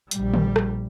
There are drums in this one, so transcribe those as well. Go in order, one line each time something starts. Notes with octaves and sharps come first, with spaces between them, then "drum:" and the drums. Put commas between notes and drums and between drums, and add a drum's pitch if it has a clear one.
A#1 G3, drum: hi-hat
drum: tom D3
drum: rim click